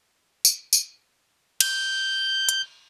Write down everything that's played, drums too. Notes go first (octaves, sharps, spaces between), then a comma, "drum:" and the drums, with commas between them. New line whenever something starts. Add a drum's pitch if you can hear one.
drum: tambourine
drum: tambourine
G6, drum: cymbal
drum: hi-hat